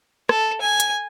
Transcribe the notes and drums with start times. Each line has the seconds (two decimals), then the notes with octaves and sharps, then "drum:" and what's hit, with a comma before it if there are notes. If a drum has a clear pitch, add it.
0.29 A4, drum: rim click
0.61 G#5
0.80 drum: hi-hat